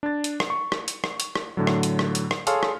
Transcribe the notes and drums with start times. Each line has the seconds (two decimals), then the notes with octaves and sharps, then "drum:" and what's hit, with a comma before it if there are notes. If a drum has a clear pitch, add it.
0.03 D4 A6
0.24 drum: hi-hat
0.40 drum: rim click
0.50 C#6
0.72 drum: rim click
0.88 drum: hi-hat
1.04 drum: rim click
1.20 drum: hi-hat
1.35 drum: rim click
1.57 A2 D3 F#3
1.67 drum: rim click
1.83 drum: hi-hat
1.99 drum: rim click
2.15 drum: hi-hat
2.31 drum: rim click
2.47 G#4 A4 C#5 F5 C6 F6, drum: hi-hat
2.63 drum: rim click